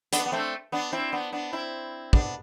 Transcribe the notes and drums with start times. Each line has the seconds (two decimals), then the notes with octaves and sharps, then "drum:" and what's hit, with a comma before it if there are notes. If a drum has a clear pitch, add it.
0.13 B3 D4, drum: hi-hat
0.26 B3
0.32 A3 C4
0.72 B3 D4
0.93 C4 E4
1.13 B3 D4
1.33 B3 D4
1.53 C4 E4
2.13 B3 D4, drum: kick